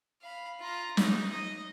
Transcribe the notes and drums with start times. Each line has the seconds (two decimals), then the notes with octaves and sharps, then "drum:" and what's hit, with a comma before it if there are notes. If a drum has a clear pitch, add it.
0.22 F5 B5
0.59 F4 A#5
0.97 D#4, drum: snare
1.30 D#5